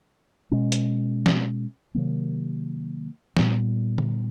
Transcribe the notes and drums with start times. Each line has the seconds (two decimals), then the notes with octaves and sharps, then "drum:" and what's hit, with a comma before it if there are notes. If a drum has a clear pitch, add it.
0.51 B2 G#3 C#4
0.72 drum: hi-hat
1.26 drum: snare
1.94 C3 D#3 F#3 A#3
3.37 A#2 G3 B3, drum: snare
3.98 drum: tom D3